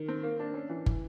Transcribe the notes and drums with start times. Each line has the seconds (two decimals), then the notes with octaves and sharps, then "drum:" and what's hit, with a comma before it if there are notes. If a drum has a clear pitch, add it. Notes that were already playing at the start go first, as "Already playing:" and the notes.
Already playing: D#3
0.08 C4
0.23 A#3
0.40 D4
0.54 C#4
0.70 E3
0.86 E3, drum: kick